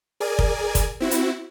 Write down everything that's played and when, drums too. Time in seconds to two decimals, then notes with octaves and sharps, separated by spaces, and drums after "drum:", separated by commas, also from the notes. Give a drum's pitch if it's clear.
0.20 G#4 A#4 D5 G#5
0.39 drum: kick
0.75 drum: kick, hi-hat
1.00 C4 E4 F#4
1.11 drum: hi-hat